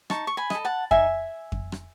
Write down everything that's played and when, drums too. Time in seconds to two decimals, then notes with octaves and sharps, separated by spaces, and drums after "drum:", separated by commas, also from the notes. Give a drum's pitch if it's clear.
0.10 D#4 A5 C#6, drum: rim click
0.27 C#6
0.37 G#5 B5
0.50 A4 D#5, drum: rim click
0.65 F#5 A5
0.91 D#4 E5 G#5, drum: kick F2
1.52 drum: kick F2
1.72 drum: rim click